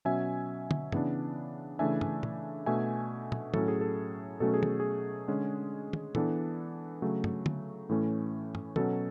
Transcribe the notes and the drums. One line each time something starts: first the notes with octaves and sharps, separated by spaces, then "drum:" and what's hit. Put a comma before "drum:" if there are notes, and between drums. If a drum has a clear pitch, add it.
B2 F#3 C#4 E5 G#5
drum: tom
C#3 E3 B3 D4, drum: tom
C#3 E3 A3 D4 E5 G#5
drum: tom
drum: tom
B2 A3 D4 E5 G#5
drum: tom
A2 F#3 C#4 A4, drum: tom
G#4
A4
B2 F#3 A3 C#4 A4
G#4
drum: tom
G#4
D3 G#3 C#4
drum: tom
E3 B3 D4 A4, drum: tom
C#3 F#3 A3
drum: tom
drum: tom
A2 E3 A3 C#4
drum: tom
B2 F#3 C#4 A4, drum: tom